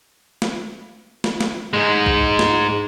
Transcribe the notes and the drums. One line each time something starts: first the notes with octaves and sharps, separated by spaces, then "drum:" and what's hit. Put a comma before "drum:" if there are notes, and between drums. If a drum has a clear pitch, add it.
drum: snare
drum: snare
drum: snare
G#2 G#3
drum: kick B1
drum: snare